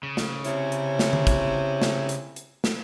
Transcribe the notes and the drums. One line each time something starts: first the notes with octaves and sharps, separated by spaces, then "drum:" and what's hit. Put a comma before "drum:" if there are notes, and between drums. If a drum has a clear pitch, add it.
C#3
drum: snare
C3 C#4 E4, drum: hi-hat
drum: hi-hat
drum: snare
drum: tom D3
drum: kick, hi-hat
drum: snare
drum: hi-hat
drum: hi-hat
drum: snare